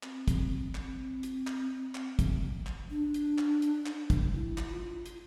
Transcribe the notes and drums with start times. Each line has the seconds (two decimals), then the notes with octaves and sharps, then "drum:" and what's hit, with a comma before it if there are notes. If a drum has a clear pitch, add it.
0.03 C4, drum: clap
0.28 drum: kick, hi-hat
0.75 C4, drum: clap
1.23 drum: hi-hat
1.47 drum: clap
1.95 drum: clap
2.19 drum: kick, hi-hat
2.67 drum: clap
2.90 D4
3.14 drum: hi-hat
3.38 drum: clap
3.62 drum: hi-hat
3.86 drum: clap
4.10 drum: kick, hi-hat
4.34 E4
4.58 drum: clap
4.70 F4
5.06 drum: hi-hat